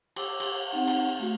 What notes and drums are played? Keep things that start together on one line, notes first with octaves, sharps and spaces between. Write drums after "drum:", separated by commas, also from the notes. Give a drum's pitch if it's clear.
D6 E6, drum: cymbal
drum: cymbal
C4 D#4 F#5
drum: cymbal
A3 F#4